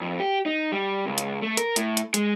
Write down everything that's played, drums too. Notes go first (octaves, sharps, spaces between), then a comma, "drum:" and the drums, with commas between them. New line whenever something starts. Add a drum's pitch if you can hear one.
F2
G4
D#4
G3
C#2
drum: hi-hat
A3
A#4, drum: hi-hat
A2, drum: hi-hat
drum: hi-hat
G#3, drum: hi-hat